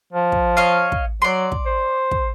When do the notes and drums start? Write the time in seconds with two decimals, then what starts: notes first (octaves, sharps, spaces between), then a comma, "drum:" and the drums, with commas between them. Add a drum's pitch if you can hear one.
0.13 F3
0.32 drum: kick
0.57 C#5 D#5 F5
0.92 drum: kick
1.22 F#3 D5 C6
1.52 drum: kick
1.66 C5
2.11 drum: kick